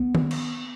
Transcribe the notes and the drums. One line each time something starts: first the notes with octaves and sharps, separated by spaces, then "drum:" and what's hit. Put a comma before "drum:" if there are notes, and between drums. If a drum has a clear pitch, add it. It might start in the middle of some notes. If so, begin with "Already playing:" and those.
Already playing: B3
drum: tom
drum: cymbal